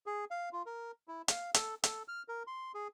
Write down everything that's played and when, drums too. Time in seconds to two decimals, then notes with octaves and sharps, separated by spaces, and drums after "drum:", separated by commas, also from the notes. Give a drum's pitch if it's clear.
0.06 G#4
0.31 F5
0.53 F4
0.66 A#4
1.08 E4
1.28 F5, drum: hi-hat
1.54 A4, drum: hi-hat
1.84 A4, drum: hi-hat
2.08 F6
2.28 A#4
2.47 C6
2.75 G#4